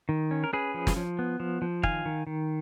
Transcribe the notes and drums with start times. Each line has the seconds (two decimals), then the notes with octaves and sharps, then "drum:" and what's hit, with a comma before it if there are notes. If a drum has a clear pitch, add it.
0.09 D#3
0.31 C#4
0.44 A#4
0.53 C#4 G#4 B4
0.74 F3
0.87 drum: snare
0.96 F3
1.19 B3
1.40 F3
1.62 F3
1.83 D#3 F5 G#5, drum: kick
2.06 D#3
2.27 D#3